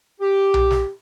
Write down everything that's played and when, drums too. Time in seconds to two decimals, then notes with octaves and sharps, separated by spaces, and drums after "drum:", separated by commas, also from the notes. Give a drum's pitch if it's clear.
0.20 G4
0.54 drum: tom B1
0.70 drum: snare